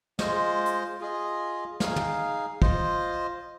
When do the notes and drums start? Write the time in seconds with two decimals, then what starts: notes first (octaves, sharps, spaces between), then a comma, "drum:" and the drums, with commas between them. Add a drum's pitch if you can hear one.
0.19 G#3 F4 C5 D#5, drum: snare
0.66 drum: hi-hat
1.00 F4 G#4 D#5
1.80 D#4 G#4 F5, drum: snare
1.96 drum: tom
2.62 F4 C5 D#5, drum: kick